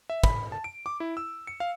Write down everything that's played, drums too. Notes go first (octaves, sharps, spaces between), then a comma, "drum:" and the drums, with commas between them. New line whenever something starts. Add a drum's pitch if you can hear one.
E5
B5, drum: kick
A5
D7
D6
E4
E6
C#7
F5